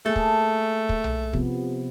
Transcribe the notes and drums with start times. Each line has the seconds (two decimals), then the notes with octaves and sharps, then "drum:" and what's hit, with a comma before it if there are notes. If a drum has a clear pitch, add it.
0.06 A3 A#3 G#4 A5
0.16 drum: kick
0.89 drum: kick
1.04 drum: tom B1
1.33 C3 F3 B3, drum: kick